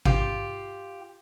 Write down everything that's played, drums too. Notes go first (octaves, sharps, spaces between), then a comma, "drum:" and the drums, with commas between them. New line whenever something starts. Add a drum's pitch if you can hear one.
F4 G4, drum: kick G#1